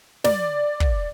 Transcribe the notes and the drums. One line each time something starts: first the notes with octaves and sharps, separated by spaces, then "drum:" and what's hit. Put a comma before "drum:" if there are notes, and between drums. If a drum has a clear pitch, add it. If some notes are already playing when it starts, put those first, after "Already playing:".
D5, drum: snare
drum: kick